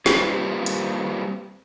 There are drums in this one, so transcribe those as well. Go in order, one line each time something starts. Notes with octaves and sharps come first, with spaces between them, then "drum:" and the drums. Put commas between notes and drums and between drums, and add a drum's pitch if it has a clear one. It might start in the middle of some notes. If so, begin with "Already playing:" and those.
G3 A#3 C4 F4 G4 B4, drum: snare
drum: hi-hat